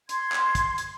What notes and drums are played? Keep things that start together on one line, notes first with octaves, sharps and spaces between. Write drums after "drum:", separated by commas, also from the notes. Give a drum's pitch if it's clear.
C6 G#6, drum: hi-hat
drum: clap
drum: kick, hi-hat
drum: hi-hat